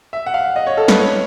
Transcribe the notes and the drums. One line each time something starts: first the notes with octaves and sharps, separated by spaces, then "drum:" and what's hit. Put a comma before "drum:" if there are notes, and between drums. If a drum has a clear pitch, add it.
E5
F#5
F5
D#5
C#5
A4
B4, drum: snare
C#5